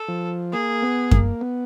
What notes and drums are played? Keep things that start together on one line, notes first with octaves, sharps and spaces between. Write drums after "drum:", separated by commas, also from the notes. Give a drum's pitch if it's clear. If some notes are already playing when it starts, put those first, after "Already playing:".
Already playing: A4
F3
A#3 G#4
B3
A#3, drum: kick F#2
B3